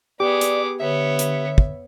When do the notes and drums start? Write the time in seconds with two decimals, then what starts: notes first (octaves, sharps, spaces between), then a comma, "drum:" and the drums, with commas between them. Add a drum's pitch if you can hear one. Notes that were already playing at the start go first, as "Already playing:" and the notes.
0.20 B3 G4 G#4 D5 D6
0.41 drum: hi-hat
0.80 D3 B3 C#5 E5
1.19 drum: hi-hat
1.58 drum: kick